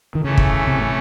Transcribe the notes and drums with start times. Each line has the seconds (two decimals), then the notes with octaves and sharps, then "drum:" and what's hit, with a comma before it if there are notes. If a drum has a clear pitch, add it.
0.15 D#3
0.23 C#3 E3 A3 C#4
0.37 drum: kick
0.67 C3
0.78 A2